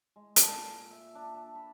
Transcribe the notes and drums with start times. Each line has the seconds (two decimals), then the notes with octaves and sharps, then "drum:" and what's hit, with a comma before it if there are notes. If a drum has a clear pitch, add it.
0.16 G#3
0.36 A4, drum: hi-hat
0.57 A#2
0.91 E5
1.15 D4
1.34 A5
1.55 B5